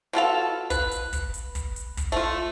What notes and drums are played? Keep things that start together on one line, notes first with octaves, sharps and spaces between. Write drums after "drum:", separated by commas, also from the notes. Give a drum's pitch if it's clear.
B2 F4 A4 F5
B4, drum: kick, hi-hat
drum: hi-hat
drum: kick, hi-hat
drum: hi-hat
drum: kick, hi-hat
drum: hi-hat
drum: kick, hi-hat
A3 F4